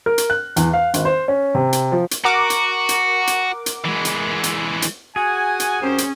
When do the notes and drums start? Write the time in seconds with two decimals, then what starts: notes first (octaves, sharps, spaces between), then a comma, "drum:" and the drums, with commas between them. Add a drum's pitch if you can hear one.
0.06 A#4
0.18 drum: hi-hat
0.30 F#6
0.56 E2, drum: hi-hat
0.73 F5
0.94 G#1, drum: hi-hat
1.05 C5
1.28 C#4
1.55 C3
1.73 drum: hi-hat
1.92 F3
2.11 drum: hi-hat
2.25 F#4 A#4 F#5 D6
2.50 drum: hi-hat
2.89 drum: hi-hat
3.27 drum: hi-hat
3.66 drum: hi-hat
3.84 E3 G#3
4.05 drum: hi-hat
4.43 drum: hi-hat
4.82 drum: hi-hat
5.16 F#4 G#4 F#5 G#5
5.60 drum: hi-hat
5.82 F#2 C#4 G4 C5
5.98 drum: hi-hat